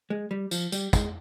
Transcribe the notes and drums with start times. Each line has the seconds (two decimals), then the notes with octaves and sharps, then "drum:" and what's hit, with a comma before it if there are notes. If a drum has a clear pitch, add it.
0.10 G#3
0.31 G3
0.51 F3, drum: tambourine
0.72 G3, drum: tambourine
0.93 G#3, drum: kick, tambourine